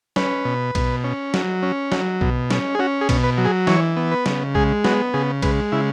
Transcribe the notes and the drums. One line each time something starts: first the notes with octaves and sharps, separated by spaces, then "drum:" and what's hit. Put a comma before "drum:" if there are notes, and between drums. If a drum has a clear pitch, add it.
C#4 B4, drum: snare
B2
B2, drum: kick B1, cymbal
C#4
F#3, drum: snare
C#4
F#3, drum: snare
B2, drum: kick B1
C#4, drum: snare
G#4
C#4 F#4
G#4
B2, drum: kick B1, cymbal
B4
F#3
G#4
E3 C#5, drum: snare
B3
B4
C#3, drum: snare
G#3 G#4, drum: kick B1
B3 F#4, drum: snare
C#3 G#4
G#3 B4, drum: kick B1, cymbal
C#3 E4